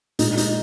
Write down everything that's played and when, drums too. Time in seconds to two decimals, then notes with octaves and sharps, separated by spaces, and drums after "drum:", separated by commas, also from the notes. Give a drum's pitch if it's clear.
0.19 A#2 G#3 D#4, drum: hi-hat
0.37 D#4, drum: hi-hat